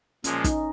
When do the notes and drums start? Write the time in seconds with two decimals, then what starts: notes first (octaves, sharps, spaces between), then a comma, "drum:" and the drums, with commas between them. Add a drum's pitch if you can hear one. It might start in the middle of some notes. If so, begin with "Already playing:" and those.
0.24 A#2 F3 G#3 C#4, drum: hi-hat
0.44 D#4, drum: kick, hi-hat